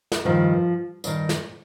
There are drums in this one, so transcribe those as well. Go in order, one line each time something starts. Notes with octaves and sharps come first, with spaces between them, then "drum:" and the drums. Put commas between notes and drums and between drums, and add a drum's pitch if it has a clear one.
drum: snare
G2 D#3 F3
G2 D#3, drum: tambourine
drum: snare